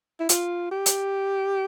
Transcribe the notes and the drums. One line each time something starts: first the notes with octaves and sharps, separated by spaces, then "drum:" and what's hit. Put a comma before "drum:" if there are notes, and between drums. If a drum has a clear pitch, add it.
E4
F4, drum: hi-hat
G4
drum: hi-hat